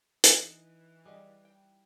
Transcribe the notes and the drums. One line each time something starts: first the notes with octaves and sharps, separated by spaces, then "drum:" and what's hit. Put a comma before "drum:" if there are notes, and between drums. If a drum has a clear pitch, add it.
E3 D#4, drum: hi-hat
G3 G#4 D#5 F5
G5